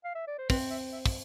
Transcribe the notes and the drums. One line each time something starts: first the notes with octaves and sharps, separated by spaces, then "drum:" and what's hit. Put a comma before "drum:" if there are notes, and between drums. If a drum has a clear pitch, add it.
F5
E5
D5
C5
C4 B4, drum: kick, open hi-hat
E5
E5
drum: kick, open hi-hat